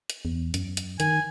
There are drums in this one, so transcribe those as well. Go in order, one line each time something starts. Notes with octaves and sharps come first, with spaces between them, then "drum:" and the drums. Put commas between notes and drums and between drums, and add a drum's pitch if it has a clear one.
drum: hi-hat
E2
F#2, drum: hi-hat
drum: hi-hat
D#3 G#5, drum: hi-hat